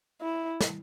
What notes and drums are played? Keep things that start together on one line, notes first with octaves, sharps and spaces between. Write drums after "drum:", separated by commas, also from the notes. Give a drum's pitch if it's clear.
E4
drum: snare